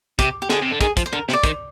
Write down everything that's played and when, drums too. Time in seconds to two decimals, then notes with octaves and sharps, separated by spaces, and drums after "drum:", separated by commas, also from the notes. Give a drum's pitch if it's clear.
0.19 C3 G4, drum: kick, hi-hat
0.42 G4
0.50 D3 G#4, drum: snare
0.62 C3
0.72 D3
0.81 D#3 G#4, drum: kick, hi-hat
0.97 F3, drum: kick, hi-hat
1.06 C5
1.13 D3 A#4
1.29 C3, drum: snare
1.33 D5
1.44 D#3 C5, drum: kick, hi-hat